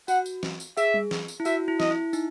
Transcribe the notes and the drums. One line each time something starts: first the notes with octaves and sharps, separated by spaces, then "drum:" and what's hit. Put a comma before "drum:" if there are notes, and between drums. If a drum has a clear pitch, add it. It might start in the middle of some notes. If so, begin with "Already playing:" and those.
F#4 F#5, drum: tambourine
drum: tambourine
drum: snare
drum: tambourine
G#4 E5, drum: tambourine
drum: tom G3
drum: snare
drum: tambourine
E4
F#4 E5, drum: tambourine
E4
D#5, drum: snare
E4
D#4, drum: tambourine